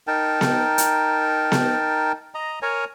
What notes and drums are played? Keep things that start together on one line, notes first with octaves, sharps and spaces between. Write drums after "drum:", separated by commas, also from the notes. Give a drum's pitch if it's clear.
D#4 A#4 G5 A5
drum: snare B3
drum: hi-hat
drum: snare B3
D#5 A#5
A#4 C#5 G#5 A#5